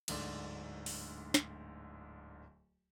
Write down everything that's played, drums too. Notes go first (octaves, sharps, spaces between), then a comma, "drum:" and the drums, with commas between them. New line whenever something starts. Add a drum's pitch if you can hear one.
D1 D2 G#2 D3 D5, drum: cymbal
drum: open hi-hat
drum: snare